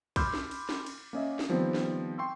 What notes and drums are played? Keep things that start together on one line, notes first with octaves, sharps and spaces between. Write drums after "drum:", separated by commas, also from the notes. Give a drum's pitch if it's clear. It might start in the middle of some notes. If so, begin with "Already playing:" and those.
B5 C6 D6 E6 F6 G6, drum: kick B1, cymbal
drum: snare
drum: cymbal
drum: snare
drum: cymbal
A#3 C#4 D#5 E5
drum: snare
D#3 F3 G3 B3 C4
drum: snare
G5 C6 C#6 E6